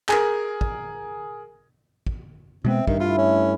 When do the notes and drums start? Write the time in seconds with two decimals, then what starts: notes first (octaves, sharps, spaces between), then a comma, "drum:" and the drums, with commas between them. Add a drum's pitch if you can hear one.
0.09 G#4 A#4, drum: clap
0.61 drum: kick
2.07 drum: kick
2.65 B2 G#3 B3 C4 E5
2.87 G2 D#3, drum: kick
3.00 A3 E4 F4
3.18 C#4